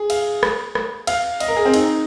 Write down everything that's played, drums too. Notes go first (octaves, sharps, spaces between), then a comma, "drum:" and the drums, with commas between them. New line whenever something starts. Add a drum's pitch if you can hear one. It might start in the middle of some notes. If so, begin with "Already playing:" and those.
Already playing: G#4
F5, drum: cymbal
drum: rim click
drum: rim click
F5, drum: cymbal
D#5, drum: cymbal
A#4
G#4
C4
D#4, drum: cymbal